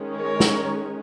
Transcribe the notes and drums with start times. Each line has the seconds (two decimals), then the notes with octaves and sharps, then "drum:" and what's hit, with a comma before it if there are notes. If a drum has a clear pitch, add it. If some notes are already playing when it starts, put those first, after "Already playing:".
Already playing: D#3 G#3 C#4
0.17 A#4 C#5
0.40 drum: snare